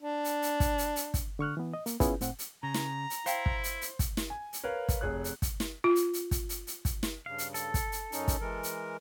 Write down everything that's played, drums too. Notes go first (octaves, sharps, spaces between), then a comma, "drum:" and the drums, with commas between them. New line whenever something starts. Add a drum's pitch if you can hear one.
D4
drum: hi-hat
drum: hi-hat
drum: kick, hi-hat
drum: hi-hat
drum: hi-hat
drum: kick, hi-hat
D3 C#6 F6 F#6
E3 B3
D#5
A#3, drum: hi-hat
B3 C#4 E4 F4 G#4 B4, drum: kick, hi-hat
A2 C4 F#5, drum: hi-hat
drum: hi-hat
C#3 A#5
drum: snare
drum: hi-hat
E4 C5 F5 G5, drum: hi-hat
drum: kick
drum: hi-hat
drum: hi-hat
drum: kick, hi-hat
drum: snare
G#5
drum: hi-hat
A#4 B4 C#5 F5
drum: kick, hi-hat
F1 G#4 C#5 F#6
drum: hi-hat
drum: kick, hi-hat
drum: snare
F4
drum: hi-hat
drum: hi-hat
drum: kick, hi-hat
drum: hi-hat
drum: hi-hat
drum: kick, hi-hat
drum: snare
G2 C#3 F5
drum: hi-hat
A4, drum: hi-hat
drum: kick, hi-hat
drum: hi-hat
F#2 C#4 D#4, drum: hi-hat
drum: kick, hi-hat
E3 G#3 A#4
drum: hi-hat